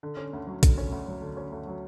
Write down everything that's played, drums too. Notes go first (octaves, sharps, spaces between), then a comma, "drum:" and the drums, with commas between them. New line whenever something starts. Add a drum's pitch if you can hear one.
D3
C#4
D2
F#3
D3, drum: kick, hi-hat
C#4
D2
F#3
D3
C#4
D2
F#3